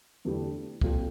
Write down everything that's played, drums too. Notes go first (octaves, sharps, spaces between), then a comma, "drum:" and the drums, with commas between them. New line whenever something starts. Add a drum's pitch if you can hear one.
E2 D3 A3 E4 G4
A#2 G3 C4 F4 A4, drum: kick